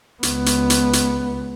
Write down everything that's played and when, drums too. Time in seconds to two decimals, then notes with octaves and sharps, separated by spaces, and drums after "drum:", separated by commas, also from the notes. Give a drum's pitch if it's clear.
0.23 C#2 B3, drum: hi-hat
0.46 drum: hi-hat
0.70 drum: hi-hat
0.93 drum: hi-hat